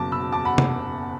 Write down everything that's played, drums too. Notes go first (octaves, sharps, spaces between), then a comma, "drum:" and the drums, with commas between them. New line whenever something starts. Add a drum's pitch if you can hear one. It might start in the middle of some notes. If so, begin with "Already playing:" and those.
Already playing: F#1 B2 F#3 A5 D6
B2 B5 E6
E2 A5 D6
F#5 B5
drum: tom C3